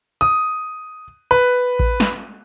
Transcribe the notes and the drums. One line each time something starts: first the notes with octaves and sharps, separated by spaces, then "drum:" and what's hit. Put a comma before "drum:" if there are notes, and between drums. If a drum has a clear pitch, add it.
D#6
B4
drum: kick A1
drum: snare